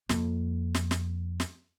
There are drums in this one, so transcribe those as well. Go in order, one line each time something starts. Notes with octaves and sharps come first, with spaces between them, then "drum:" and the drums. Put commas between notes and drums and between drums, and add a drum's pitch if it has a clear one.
F2 A#3, drum: snare
drum: snare
drum: snare
drum: snare